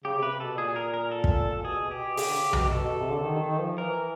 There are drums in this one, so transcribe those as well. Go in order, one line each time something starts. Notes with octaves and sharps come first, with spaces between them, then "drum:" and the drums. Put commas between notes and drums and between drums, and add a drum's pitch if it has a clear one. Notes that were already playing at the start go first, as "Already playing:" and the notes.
C#3 G4
C3
B4
C3
B2 A4
A#2 G#4
A#4
A#4
A4
drum: kick
A#2
B2 G#4
B2
G4
B2
C#3 G4, drum: open hi-hat
D3
C#3
B2, drum: tom B1
C3
B2 A4
B2
C3
D3
D#3
D#3
F3
E3 A#4